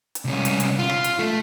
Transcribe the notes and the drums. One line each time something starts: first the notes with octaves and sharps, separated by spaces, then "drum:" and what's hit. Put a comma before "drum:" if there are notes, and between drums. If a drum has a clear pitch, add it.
drum: hi-hat
C2 C#4
drum: hi-hat
drum: hi-hat
F4
drum: rim click
drum: hi-hat
A3 A4